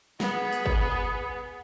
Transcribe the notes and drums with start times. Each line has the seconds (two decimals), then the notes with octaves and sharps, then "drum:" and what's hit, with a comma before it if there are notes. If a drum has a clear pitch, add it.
0.20 B3 G#4, drum: snare
0.52 drum: tambourine
0.66 drum: kick